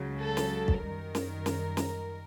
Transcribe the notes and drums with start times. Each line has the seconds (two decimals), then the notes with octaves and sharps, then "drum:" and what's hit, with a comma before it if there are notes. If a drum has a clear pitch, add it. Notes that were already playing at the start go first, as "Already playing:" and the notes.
Already playing: C#2 C#3 F#3
0.21 A4
0.37 drum: snare
0.68 drum: kick
0.83 F#2 D#3 G3 A#4
1.15 drum: snare
1.46 drum: snare
1.77 drum: snare